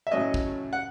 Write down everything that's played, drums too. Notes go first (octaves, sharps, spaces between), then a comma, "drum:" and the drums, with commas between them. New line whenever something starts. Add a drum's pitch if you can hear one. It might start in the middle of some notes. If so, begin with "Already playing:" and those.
E5
A2 F#3 A3 C#4 D#5
drum: kick
F#5